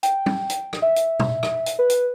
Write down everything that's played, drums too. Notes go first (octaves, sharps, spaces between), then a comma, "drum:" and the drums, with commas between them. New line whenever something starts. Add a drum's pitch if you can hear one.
G5, drum: hi-hat
drum: tom
drum: hi-hat
drum: rim click
E5
drum: hi-hat
drum: tom B2
drum: rim click
drum: hi-hat
B4
drum: hi-hat